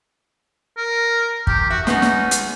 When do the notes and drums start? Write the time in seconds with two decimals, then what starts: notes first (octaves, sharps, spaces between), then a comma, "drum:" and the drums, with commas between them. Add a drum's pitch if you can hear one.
0.77 A#4
1.47 E2 G4, drum: kick
1.70 F#4 E5
1.87 G#3 B3 C#4 D#4, drum: snare
2.02 drum: snare
2.31 drum: hi-hat